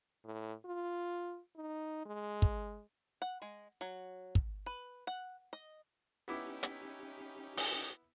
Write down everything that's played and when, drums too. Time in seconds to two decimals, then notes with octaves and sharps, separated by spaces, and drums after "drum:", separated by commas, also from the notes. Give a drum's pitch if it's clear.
0.25 A2
0.65 F4
1.56 D#4
2.06 G#3
2.42 drum: kick
3.22 F#5
3.42 G#3
3.81 F#3
4.35 drum: kick
4.66 B4
5.07 F#5
5.53 D#5
6.28 B3 C#4 D#4 E4 G4 D6
6.63 drum: hi-hat
7.57 drum: open hi-hat